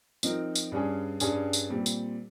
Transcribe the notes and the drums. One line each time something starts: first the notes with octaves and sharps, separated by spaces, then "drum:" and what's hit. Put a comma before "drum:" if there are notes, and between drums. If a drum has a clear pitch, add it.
F3 C4 D#4 A#4, drum: tambourine
drum: tambourine
G2 G3 C#4 G#4
G2 G3 C#4 G#4, drum: tambourine
drum: tambourine
A#2 G3 C4
drum: tambourine